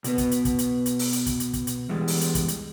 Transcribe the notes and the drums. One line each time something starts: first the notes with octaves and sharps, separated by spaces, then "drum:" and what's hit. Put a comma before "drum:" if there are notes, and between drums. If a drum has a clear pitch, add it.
B2 B3 B4, drum: hi-hat
drum: kick, hi-hat
drum: hi-hat
drum: kick, hi-hat
drum: hi-hat
drum: hi-hat
drum: open hi-hat
drum: hi-hat
drum: kick, hi-hat
drum: hi-hat
drum: kick, hi-hat
drum: hi-hat
E2 G3 G#3
drum: open hi-hat
drum: hi-hat
drum: kick, hi-hat
drum: hi-hat